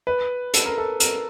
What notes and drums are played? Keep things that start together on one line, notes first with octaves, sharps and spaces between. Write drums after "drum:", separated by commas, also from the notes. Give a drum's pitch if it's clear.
B4
A4, drum: hi-hat
A#4
A4
A#4, drum: hi-hat